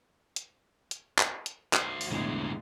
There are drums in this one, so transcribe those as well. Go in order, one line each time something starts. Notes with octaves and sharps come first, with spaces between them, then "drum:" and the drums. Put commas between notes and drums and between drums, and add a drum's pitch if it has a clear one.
drum: hi-hat
drum: hi-hat
drum: clap
drum: hi-hat
F#4 C5, drum: clap
drum: open hi-hat
B1 E2 A2 D3 G#3